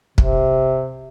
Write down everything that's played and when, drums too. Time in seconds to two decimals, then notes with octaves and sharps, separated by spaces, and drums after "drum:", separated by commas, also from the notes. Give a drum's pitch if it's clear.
0.18 C3, drum: kick